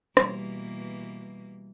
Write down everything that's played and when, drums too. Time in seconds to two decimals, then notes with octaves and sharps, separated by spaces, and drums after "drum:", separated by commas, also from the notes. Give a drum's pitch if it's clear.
0.17 B2 E3 G3 A#3, drum: rim click